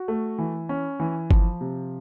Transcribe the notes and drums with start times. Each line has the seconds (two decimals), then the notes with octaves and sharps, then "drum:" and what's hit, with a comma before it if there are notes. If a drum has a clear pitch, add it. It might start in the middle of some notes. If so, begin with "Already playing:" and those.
Already playing: F#4
0.08 A3
0.38 E3
0.69 C#4
1.00 E3
1.31 F3, drum: kick G1
1.61 C3